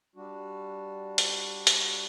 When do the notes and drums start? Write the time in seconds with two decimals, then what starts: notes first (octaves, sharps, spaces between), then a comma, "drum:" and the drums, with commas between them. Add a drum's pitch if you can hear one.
0.16 G3 D4 F#4
1.18 drum: hi-hat
1.67 drum: hi-hat